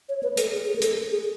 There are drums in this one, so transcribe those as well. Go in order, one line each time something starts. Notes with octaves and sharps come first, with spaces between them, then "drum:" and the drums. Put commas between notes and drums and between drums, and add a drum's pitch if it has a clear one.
C#5
B4
A4, drum: hi-hat
G#4
G#4
A#4
A4, drum: hi-hat
G#4